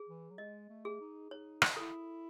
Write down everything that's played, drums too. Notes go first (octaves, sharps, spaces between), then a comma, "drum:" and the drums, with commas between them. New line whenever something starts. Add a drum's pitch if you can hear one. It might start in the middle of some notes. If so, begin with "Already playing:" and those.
Already playing: G#4
E3
F#3
G#3 D#5
A3
G#4
D#4
D#4 C#5
drum: rim click
E4 A4